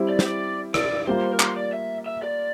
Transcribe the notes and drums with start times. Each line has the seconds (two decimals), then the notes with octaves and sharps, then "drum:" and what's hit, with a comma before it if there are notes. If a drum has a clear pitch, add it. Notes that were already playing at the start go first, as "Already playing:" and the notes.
Already playing: G3 C4 E4 G4
0.09 D5
0.19 C5, drum: snare
0.25 D5
0.74 D5, drum: rim click
1.07 G3 A#3 F4 C5
1.32 A#4
1.40 C5, drum: clap
1.56 D5
1.73 E5
2.06 E5
2.22 D5